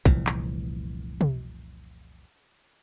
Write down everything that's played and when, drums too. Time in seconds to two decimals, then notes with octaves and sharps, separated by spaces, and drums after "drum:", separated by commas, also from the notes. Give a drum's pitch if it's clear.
0.05 F1 C2 A#2 E3, drum: kick
0.27 drum: clap
1.21 drum: tom